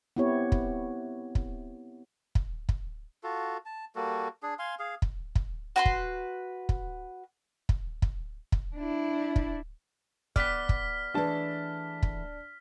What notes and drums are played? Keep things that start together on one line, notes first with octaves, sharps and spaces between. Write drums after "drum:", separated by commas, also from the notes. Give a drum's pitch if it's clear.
B3 C4 E4 G4 C#5
drum: kick
drum: kick
drum: kick
drum: kick
F4 F#4 A4
A5
G3 A#3 F#4 A4
D4 G#4
F5 G#5 C6
G#4 F5
drum: kick
drum: kick
F#4 B4 C6
drum: kick
drum: kick
drum: kick
drum: kick
drum: kick
D4 E4
drum: kick
B3 D5 G5 F6 B6, drum: kick
drum: kick
E3 A3 D4 G#4 A5
drum: kick